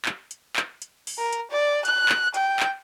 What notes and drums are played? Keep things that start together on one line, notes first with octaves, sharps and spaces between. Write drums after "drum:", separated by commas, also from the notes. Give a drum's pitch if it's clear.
drum: clap
drum: hi-hat
drum: clap
drum: hi-hat
drum: open hi-hat
A#4
drum: hi-hat
D5
F#6, drum: hi-hat
drum: clap
G5, drum: hi-hat
drum: clap